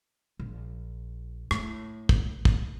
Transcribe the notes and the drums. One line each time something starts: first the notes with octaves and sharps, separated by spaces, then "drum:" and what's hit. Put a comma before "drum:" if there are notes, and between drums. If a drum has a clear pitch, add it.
A#1
A2, drum: rim click
drum: kick
drum: kick